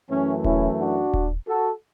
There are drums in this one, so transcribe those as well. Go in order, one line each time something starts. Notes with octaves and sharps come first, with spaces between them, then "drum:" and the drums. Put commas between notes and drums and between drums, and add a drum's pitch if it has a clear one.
F#2 E3 A3 C#4
C#4 E4, drum: kick D#1
D4 F#4
drum: kick D#1
F#4 A4